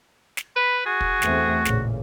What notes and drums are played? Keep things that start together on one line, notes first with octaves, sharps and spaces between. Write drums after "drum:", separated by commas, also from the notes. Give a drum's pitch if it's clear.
drum: snare
B4 B5
F#4 G#4
drum: kick
E2 A3 C4, drum: snare
A1 A#2 C#3, drum: snare